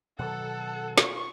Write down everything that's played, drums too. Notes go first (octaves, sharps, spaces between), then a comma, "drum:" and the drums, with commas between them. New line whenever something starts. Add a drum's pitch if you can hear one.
B2 D#3 F#3 A4 F#5
F4 C#6, drum: snare